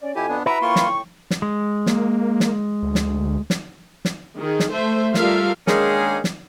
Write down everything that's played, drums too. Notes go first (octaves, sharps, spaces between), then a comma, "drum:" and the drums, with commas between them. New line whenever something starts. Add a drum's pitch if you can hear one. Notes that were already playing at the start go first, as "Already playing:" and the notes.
C#4 D5
F2 E4 G4 A4 G#5
B3 D4
E4 F#4 B4 E5 F#5 A#5 B5
A2 A#3 F4 G5 C6 C#6
drum: snare
drum: snare
G#3
A#3, drum: snare
drum: snare
D2
drum: snare
drum: snare
drum: snare
D#3 G#4
drum: snare
A3 C5 E5
G3 F4 A4 A#4 E5 F5, drum: snare
D#3 G#3 A#3 C#4 D4 G#4, drum: snare
drum: snare